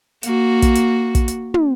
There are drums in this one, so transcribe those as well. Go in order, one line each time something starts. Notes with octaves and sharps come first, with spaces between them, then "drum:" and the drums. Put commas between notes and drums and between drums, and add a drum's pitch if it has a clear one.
A#3 F#4, drum: hi-hat
drum: kick, hi-hat
drum: hi-hat
drum: kick, hi-hat
drum: hi-hat
drum: tom